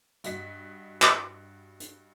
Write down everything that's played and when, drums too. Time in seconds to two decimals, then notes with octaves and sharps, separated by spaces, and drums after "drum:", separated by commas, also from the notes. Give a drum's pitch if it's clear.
0.24 G2 F#4 D#5 B6, drum: hi-hat
1.02 drum: clap
1.80 drum: hi-hat